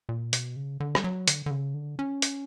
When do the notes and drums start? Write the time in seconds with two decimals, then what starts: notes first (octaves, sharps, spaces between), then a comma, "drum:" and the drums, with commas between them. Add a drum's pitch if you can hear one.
0.09 A#2
0.33 B2, drum: hi-hat
0.56 C#3
0.80 D3
0.95 G3, drum: rim click
1.04 F#3
1.28 D3, drum: hi-hat
1.46 D3
1.51 C#3
1.74 D3
1.99 C#4
2.22 drum: hi-hat